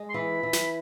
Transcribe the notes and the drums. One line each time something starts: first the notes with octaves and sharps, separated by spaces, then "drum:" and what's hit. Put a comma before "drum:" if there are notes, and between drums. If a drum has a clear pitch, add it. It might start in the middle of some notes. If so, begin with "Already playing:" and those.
Already playing: G#3
C6
E3 B5
E3
drum: snare